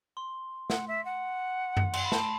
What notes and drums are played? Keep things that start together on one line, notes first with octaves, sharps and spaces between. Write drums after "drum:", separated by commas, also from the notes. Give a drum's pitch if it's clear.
C6
F#5, drum: snare
E5
F#5
drum: tom F#2
C6, drum: cymbal
B5
A5, drum: snare